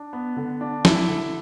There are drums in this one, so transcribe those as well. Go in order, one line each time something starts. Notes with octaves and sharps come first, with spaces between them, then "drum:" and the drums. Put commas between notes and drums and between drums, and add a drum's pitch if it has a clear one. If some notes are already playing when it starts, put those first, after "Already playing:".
Already playing: D4
B3
D3
D4
E4, drum: snare
D3